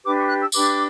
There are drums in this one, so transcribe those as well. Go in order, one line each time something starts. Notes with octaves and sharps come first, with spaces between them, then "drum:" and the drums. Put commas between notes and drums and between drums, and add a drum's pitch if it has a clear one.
D4 G4 B4 D6
C#6
F#6
E6
D4 G4 B4 D6, drum: tambourine